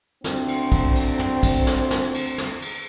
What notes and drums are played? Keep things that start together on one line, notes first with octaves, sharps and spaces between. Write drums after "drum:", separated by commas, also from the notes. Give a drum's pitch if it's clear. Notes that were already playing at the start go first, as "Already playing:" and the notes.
D2 C4, drum: snare
drum: cymbal
drum: kick A#1, cymbal
drum: cymbal
drum: tom
drum: kick A#1, cymbal
drum: snare
drum: snare
drum: cymbal
drum: snare
drum: cymbal